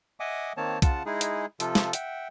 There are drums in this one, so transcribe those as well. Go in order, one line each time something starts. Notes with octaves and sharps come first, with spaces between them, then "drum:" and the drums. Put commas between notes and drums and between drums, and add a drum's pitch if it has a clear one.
D#5 E5 F#5 G#5 D6 D#6
D#3 A#3 C4 C#5 A5
C#3 F4 F#5 A5, drum: kick, hi-hat
G#3 D#4 E4 G#4
drum: hi-hat
C3 F3 F4 A4, drum: hi-hat
drum: snare
E5 F#5 G5, drum: hi-hat